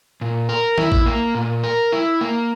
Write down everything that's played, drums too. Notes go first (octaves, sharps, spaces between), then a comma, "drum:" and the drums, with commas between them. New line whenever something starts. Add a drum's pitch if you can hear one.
A#2
A#4
E4, drum: tom D#3
drum: kick
A#3
A#2
A#4
E4
A#3